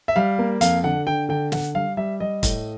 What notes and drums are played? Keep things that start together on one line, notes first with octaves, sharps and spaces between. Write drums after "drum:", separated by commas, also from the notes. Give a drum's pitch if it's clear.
E5
G3 F5
A#3
F2 F5, drum: hi-hat
D3 F#5
D3 G5
D3 G5
D3 F#5, drum: snare
G3 F5
G3 E5
G3 D#5
A2, drum: kick, hi-hat